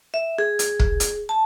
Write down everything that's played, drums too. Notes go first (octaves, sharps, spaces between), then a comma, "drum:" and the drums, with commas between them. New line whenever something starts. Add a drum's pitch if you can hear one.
E5
G#4
drum: hi-hat
drum: kick
drum: hi-hat
A5